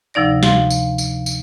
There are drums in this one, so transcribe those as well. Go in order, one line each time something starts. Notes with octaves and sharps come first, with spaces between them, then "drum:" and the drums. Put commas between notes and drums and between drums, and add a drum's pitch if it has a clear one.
D2 C3 F3 D#4 D5 A#6
F5 C6, drum: snare
drum: tambourine
drum: tambourine
drum: tambourine